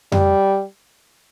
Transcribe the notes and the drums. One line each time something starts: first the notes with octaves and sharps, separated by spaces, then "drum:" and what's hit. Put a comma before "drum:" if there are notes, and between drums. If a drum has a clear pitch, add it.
G3, drum: tom F2